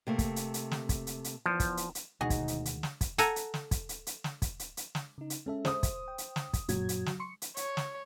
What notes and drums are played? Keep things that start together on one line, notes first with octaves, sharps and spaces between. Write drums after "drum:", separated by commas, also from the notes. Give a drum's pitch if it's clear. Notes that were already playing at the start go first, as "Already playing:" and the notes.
C3 A3 A#3
drum: kick, hi-hat
drum: hi-hat
drum: hi-hat
drum: snare
drum: kick, hi-hat
drum: hi-hat
drum: hi-hat
E2 F3
drum: kick, hi-hat
drum: hi-hat
drum: hi-hat
D2 B2 D#3 G#3 D#4 F#4 G#4
drum: kick, hi-hat
drum: hi-hat
drum: hi-hat
drum: snare
drum: kick, hi-hat
A4 F#5 G#5 A#5, drum: hi-hat
drum: hi-hat
drum: snare
drum: kick, hi-hat
drum: hi-hat
drum: hi-hat
drum: snare
drum: kick, hi-hat
drum: hi-hat
drum: hi-hat
drum: snare
C#3 D#4
drum: hi-hat
G#3 C#4 A4 E5
C5 D#6, drum: snare
drum: kick, hi-hat
G5
drum: hi-hat
drum: snare
drum: kick, hi-hat
F#2 A#2 F#3 G#6, drum: hi-hat
drum: hi-hat
drum: snare
C6 C#6 C#7
drum: hi-hat
C#5, drum: hi-hat
drum: snare